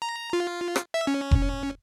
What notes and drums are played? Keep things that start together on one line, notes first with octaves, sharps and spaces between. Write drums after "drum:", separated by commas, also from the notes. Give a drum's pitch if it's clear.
A#5
F4
drum: rim click
E5
C#4
drum: kick F1